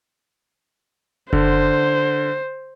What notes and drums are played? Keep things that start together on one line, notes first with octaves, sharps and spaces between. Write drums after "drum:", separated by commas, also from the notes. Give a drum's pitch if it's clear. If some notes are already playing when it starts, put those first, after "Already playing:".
D3 C5, drum: kick F#1